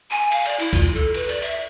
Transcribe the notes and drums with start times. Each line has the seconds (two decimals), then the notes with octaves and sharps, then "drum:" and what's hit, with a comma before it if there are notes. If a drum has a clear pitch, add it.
0.11 G#5
0.32 F5, drum: cymbal
0.46 D5, drum: cymbal
0.59 E4, drum: cymbal
0.73 F4, drum: kick, cymbal
0.94 A4
1.14 B4, drum: cymbal
1.29 D5, drum: cymbal
1.42 E5, drum: cymbal